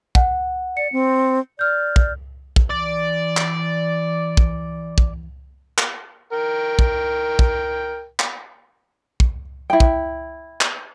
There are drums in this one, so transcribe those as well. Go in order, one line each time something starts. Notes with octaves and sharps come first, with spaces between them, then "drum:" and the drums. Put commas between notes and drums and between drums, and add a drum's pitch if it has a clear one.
F#5, drum: kick
D5 C#7
C4
D5 F6 G6
drum: kick
drum: kick
E3 D5
drum: clap
drum: kick
drum: kick
drum: clap
A#4 G5
drum: kick
drum: kick
drum: clap
drum: kick
E4 G5
drum: kick
drum: clap